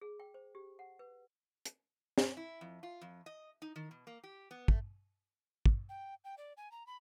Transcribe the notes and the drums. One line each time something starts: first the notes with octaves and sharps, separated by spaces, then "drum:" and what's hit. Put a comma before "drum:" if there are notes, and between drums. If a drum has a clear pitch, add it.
G#4
G5
C5
G4
F#5
B4
drum: hi-hat
drum: snare
E4
F2
F4
F2
D#5
D#4
D#3
B2
A#3
G4
B3
A3, drum: kick
drum: kick
G5
G5
D5
G#5
A#5
B5